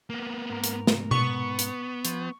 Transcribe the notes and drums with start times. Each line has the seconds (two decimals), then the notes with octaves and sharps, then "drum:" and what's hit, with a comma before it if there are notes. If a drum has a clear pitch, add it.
0.10 A#3 B3
0.50 G#2 A#4
0.64 drum: hi-hat
0.87 drum: snare
1.11 B3 C#6, drum: tom B2
1.59 drum: hi-hat
2.05 F3, drum: hi-hat